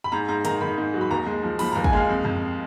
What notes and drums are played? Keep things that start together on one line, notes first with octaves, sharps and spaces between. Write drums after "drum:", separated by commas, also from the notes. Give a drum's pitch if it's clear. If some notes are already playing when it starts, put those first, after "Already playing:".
B5
G#2 A#5
G#2 A#5
D#3 A#5, drum: hi-hat
D#3 B5
G#2
F#3
B5
D#2 A#5
G#3
F3
F3 B5, drum: open hi-hat
D#2 A#5
G#5, drum: kick
G#3 F5
F2
F2, drum: tom F#2